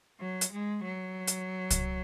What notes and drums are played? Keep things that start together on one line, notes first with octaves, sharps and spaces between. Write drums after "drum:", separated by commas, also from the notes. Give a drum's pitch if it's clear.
F#3
drum: hi-hat
G#3
F#3
drum: hi-hat
drum: kick C2, hi-hat